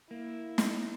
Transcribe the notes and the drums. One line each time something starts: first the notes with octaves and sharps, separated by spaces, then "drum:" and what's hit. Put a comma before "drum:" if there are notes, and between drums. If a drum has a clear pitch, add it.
A#3 E4
drum: snare